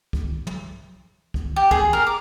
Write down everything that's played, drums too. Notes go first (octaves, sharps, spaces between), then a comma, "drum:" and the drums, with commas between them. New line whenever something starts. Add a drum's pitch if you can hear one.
drum: kick
drum: tom
drum: kick
G4
G#4, drum: kick
A#4
D6